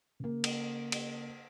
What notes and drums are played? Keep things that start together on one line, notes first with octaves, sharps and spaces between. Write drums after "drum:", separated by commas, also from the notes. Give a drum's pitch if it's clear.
C#3 A#3
drum: cymbal
drum: cymbal